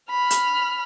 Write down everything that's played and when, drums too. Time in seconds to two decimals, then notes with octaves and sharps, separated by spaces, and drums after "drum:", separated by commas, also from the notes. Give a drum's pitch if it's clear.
0.10 B5 F6
0.30 drum: hi-hat